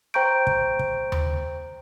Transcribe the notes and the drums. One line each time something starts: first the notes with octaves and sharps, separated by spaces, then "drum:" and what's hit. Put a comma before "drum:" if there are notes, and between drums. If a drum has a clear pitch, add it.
C5 G5 A#5 C#6 G6 D7
drum: kick
drum: kick
drum: tom D#2